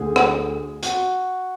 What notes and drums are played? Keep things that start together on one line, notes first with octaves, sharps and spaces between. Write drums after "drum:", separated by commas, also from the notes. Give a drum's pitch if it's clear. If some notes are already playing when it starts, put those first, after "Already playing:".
Already playing: D2 D3 G#4
drum: rim click
F#4, drum: hi-hat